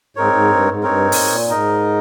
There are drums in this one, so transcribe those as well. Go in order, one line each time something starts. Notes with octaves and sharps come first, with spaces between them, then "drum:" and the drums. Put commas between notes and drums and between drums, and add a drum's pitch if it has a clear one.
G#2 C4 D#4 A#4 C#5
G#2
G2
G#2
G2 C4 D#4 A#4 C#5
G#2
A#2, drum: open hi-hat
G#2
A#2
G#2 D#4 A#4 D#5